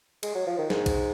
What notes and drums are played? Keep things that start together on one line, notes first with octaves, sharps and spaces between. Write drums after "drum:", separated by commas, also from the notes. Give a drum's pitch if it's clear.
G#3, drum: cymbal
F#3
F3
D#3
G#2, drum: snare
drum: kick B1, cymbal